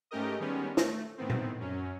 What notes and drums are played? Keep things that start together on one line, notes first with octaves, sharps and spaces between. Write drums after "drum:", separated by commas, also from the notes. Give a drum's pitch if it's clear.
G#2 A3 C#4 G4 A#4 D#5
D#3 G3 G#3 B3 C#4
A3, drum: snare
A2 D#3 B3 C4
drum: tom A#2
F#2 F#3 C#4